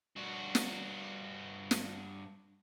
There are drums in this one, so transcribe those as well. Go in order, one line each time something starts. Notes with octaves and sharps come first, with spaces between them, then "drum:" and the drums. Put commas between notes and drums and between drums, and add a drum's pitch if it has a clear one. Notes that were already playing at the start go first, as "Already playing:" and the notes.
G2 F#4
drum: snare
drum: snare